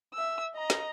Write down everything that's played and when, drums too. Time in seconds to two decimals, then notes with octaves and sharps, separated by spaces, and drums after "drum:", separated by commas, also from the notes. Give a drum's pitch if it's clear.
0.14 E5 E6
0.55 D#5 A#5
0.70 drum: snare